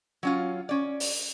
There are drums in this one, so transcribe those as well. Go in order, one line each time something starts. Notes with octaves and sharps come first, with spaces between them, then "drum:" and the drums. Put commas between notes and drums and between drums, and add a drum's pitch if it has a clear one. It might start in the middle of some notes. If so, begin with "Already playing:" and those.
F#3 C#4 F4
C#4 D5
drum: open hi-hat